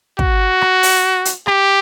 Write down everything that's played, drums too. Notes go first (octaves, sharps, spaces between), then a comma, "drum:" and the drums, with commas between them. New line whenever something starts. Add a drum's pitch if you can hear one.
F#4, drum: kick
drum: rim click
drum: open hi-hat
drum: hi-hat
G4, drum: rim click